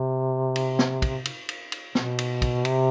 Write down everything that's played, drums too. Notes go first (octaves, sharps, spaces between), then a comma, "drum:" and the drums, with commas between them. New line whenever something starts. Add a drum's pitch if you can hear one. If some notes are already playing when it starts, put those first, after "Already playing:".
Already playing: C3
drum: cymbal
drum: snare
drum: kick, cymbal
drum: cymbal
drum: cymbal
drum: cymbal
B2, drum: snare
drum: cymbal
drum: kick, cymbal
C3, drum: cymbal